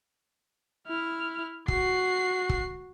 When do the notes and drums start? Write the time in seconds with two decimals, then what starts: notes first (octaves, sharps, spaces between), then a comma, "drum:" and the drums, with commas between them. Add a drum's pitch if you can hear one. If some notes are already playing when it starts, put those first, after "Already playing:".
0.88 E4 F6
1.68 F#4 C7, drum: kick
2.49 drum: kick